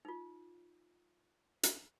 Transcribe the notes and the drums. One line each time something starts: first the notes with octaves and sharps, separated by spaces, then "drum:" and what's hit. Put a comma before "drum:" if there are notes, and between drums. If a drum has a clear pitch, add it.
D#4 F4
drum: hi-hat